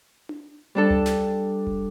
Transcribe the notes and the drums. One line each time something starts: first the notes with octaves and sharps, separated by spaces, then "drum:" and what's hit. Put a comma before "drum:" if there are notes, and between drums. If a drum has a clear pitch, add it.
drum: tom D4
G3 D4 A4
drum: tom C#2
drum: snare
drum: kick E1